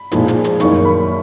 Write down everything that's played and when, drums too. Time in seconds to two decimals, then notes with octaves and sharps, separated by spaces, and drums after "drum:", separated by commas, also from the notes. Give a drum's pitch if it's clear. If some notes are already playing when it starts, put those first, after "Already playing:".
Already playing: B5
0.11 A#2 F3 G#3 D#4, drum: hi-hat
0.28 drum: hi-hat
0.44 drum: hi-hat
0.60 F#2 D#3 A#3 D#4 C#6, drum: hi-hat
0.85 B5